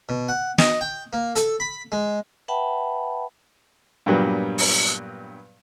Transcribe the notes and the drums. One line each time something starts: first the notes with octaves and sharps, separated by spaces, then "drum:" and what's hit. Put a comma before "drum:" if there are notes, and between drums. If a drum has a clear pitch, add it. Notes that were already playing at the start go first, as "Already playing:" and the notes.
B2
F#5
D#5, drum: snare
G5
A#3
A4, drum: hi-hat
B5
G#3
B4 E5 F#5 G5 A5 B5
G2 A#2 F#3 G3 B3
drum: open hi-hat